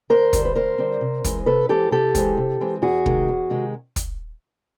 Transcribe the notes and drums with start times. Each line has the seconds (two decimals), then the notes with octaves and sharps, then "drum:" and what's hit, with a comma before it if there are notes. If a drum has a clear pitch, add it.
0.10 D2 A#4 C5
0.33 D3 G3 C4, drum: kick, hi-hat
0.45 B4
0.55 D2 A#4 C5
0.78 D3 G3 C4
1.01 C3
1.24 E3 G#3 C4, drum: kick, hi-hat
1.46 C3 A4 B4
1.69 E3 G#3 C4 G4 A4
1.91 C3 G4 A4
2.15 E3 G#3 C4, drum: kick, hi-hat
2.37 C3
2.60 E3 G#3 C4
2.82 E2 F#4 G#4
3.06 C3 D#3 G#3, drum: kick
3.28 E2
3.50 C3 D#3 G#3
3.96 drum: kick, hi-hat